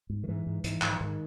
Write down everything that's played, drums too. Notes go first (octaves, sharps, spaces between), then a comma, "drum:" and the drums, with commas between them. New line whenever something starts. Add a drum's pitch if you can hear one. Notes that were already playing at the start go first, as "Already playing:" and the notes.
G#2
D#3
G#2 E3
G#2
G#2 E3, drum: hi-hat
G#2, drum: clap
E3
G#2 D#3